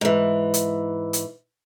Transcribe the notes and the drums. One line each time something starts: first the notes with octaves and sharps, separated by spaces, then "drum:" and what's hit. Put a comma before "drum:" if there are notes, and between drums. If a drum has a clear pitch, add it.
G#2 E3
drum: hi-hat
drum: hi-hat